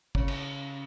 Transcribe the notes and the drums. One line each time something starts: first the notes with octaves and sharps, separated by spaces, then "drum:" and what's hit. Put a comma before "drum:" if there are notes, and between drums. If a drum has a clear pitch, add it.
C#3, drum: kick
drum: cymbal